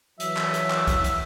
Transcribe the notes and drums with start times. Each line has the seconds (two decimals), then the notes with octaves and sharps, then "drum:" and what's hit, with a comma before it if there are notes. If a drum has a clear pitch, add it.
0.20 E3 F#3 E5, drum: hi-hat
0.37 drum: clap
0.54 drum: hi-hat
0.71 drum: clap
0.87 drum: kick, hi-hat
1.04 drum: hi-hat